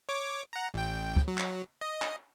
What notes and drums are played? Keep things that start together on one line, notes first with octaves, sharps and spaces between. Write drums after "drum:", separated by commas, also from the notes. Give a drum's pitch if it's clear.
C#5 D6
F#5 A#5
A1 G5
drum: kick
F#3
drum: clap
D#5
drum: clap